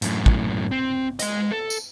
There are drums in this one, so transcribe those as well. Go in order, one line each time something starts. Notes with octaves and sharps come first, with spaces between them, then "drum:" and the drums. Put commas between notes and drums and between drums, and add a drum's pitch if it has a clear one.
F#2 A2, drum: hi-hat
drum: kick
C4
G#3 D#5, drum: hi-hat
A4
drum: tambourine